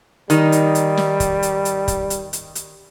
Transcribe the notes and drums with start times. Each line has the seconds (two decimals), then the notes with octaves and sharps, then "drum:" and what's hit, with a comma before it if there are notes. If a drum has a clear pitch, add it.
0.30 D#3 G3 D#4, drum: hi-hat
0.52 drum: hi-hat
0.75 drum: hi-hat
0.97 drum: snare
1.20 drum: kick, hi-hat
1.43 drum: hi-hat
1.65 drum: hi-hat
1.88 drum: kick, hi-hat
2.10 drum: hi-hat
2.33 drum: hi-hat
2.55 drum: hi-hat